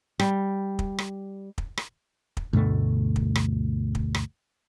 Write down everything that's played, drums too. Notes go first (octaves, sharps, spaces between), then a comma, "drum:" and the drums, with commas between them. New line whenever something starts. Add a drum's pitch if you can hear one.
G3, drum: rim click
drum: kick
drum: rim click
drum: kick
drum: rim click
drum: kick
D2 G2 B2 A3
drum: kick
drum: rim click
drum: kick
drum: rim click